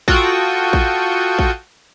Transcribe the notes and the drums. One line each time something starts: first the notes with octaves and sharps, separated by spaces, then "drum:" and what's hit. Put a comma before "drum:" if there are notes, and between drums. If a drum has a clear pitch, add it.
F4 F#4 A4 G5 C#6 D#6, drum: kick
drum: kick
drum: kick